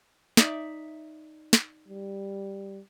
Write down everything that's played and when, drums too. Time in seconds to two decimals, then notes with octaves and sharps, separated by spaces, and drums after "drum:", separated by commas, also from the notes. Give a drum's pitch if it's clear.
0.37 D#4 D5 E5, drum: snare
1.53 drum: snare
1.88 G3